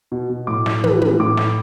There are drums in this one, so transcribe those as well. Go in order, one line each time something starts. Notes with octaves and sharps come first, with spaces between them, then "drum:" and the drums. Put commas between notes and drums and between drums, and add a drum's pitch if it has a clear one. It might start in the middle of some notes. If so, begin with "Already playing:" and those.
B2
B2
A2 D6
A2, drum: snare
E3, drum: tom
E3, drum: tom
A2 D6
A2, drum: snare